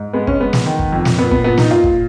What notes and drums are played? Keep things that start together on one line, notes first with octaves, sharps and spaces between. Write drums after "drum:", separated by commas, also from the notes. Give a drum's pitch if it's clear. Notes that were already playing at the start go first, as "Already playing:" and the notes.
Already playing: G#2
G#3 B3
C#4, drum: kick
G#3 B3
drum: snare
D#3
drum: kick
F2
drum: snare
A#2 B3
B3, drum: kick
A#2 B3
D#4, drum: snare
A#2 F4
drum: kick